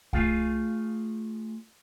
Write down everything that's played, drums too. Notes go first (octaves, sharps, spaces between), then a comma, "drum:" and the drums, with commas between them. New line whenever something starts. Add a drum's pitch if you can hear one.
A3 F4 G#4 F5, drum: kick C2